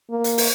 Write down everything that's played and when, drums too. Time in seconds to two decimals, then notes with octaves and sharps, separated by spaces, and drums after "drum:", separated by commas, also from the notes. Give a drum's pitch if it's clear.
0.11 A#3
0.24 drum: hi-hat
0.38 drum: open hi-hat